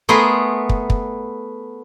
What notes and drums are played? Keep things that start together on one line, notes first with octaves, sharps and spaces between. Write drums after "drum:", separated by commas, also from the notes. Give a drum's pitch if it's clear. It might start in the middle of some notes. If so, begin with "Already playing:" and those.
A3 B3 G#4 A#4 A#5 C6
drum: kick
drum: kick